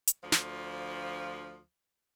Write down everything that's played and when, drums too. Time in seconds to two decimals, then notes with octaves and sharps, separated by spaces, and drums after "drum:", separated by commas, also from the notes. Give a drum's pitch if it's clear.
0.07 drum: hi-hat
0.22 D2 F3
0.32 drum: snare